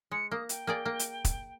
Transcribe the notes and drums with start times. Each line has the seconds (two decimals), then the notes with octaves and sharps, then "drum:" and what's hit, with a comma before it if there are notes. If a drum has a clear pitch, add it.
0.11 G#3 C#7
0.31 A#3 D#6
0.49 G5, drum: hi-hat
0.67 A#3 G#4 D5
0.85 A#3
0.99 drum: hi-hat
1.25 drum: kick, hi-hat